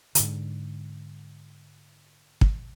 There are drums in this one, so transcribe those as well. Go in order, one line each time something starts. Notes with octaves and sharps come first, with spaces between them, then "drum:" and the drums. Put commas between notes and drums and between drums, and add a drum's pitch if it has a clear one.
G#2 D3, drum: hi-hat
drum: kick